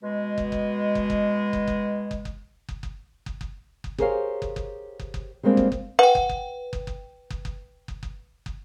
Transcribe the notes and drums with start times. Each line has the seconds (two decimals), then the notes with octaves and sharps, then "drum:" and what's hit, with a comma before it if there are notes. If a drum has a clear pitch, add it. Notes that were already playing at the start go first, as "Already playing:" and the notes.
0.03 B2 G#3
0.38 drum: kick
0.52 drum: kick
0.95 drum: kick
1.10 drum: kick
1.53 drum: kick
1.67 drum: kick
2.11 drum: kick
2.25 drum: kick
2.69 drum: kick
2.83 drum: kick
3.26 drum: kick
3.41 drum: kick
3.84 drum: kick
3.98 G4 G#4 A#4 C5 C#5 F5, drum: kick
4.42 drum: kick
4.56 drum: kick
4.99 drum: kick
5.14 drum: kick
5.43 G3 G#3 A#3 C4 D4
5.57 drum: kick
5.72 drum: kick
5.99 B4 F#5 G5
6.15 drum: kick
6.29 drum: kick
6.73 drum: kick
6.87 drum: kick
7.30 drum: kick
7.45 drum: kick
7.88 drum: kick
8.03 drum: kick
8.46 drum: kick